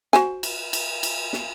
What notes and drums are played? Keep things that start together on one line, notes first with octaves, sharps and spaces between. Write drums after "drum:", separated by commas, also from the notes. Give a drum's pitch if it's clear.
F#4 C5 G#5, drum: snare
drum: cymbal
drum: cymbal
drum: cymbal
drum: snare